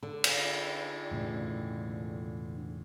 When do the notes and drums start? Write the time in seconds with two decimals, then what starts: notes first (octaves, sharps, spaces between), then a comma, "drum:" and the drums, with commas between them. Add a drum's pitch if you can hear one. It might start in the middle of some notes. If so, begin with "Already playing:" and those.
0.03 D3
0.24 drum: cymbal
1.11 E1 A2 C#3